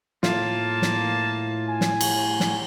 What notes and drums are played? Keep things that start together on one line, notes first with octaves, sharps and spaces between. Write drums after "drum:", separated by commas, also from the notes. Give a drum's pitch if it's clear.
A2 A#3 F4 A5, drum: snare
drum: snare
G#5
drum: snare
drum: cymbal
drum: snare